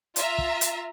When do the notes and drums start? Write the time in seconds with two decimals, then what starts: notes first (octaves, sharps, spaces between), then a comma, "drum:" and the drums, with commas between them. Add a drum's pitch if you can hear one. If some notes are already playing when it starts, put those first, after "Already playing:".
0.16 F4 E5 A#5, drum: hi-hat
0.38 drum: kick
0.61 drum: hi-hat